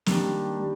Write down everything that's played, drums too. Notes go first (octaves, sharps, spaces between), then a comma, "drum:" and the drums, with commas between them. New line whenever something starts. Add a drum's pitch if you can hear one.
D#3 G3 A#3 D4, drum: snare
G3